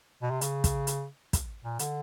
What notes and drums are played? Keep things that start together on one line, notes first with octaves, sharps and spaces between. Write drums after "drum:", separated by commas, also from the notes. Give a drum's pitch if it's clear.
B2
C3
C#3, drum: hi-hat
drum: kick, hi-hat
drum: hi-hat
drum: kick, hi-hat
A#2
D3, drum: hi-hat